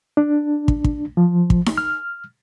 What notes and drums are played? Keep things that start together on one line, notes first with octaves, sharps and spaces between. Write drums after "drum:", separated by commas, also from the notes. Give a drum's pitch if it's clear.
D4
drum: kick
drum: kick
F3
drum: kick
drum: snare D#4
F6